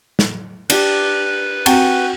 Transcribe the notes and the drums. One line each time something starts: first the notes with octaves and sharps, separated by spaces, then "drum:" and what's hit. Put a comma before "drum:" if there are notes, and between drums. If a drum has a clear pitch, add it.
drum: snare
D4 G4 B4, drum: cymbal
C4 F#4 G5 G#5, drum: cymbal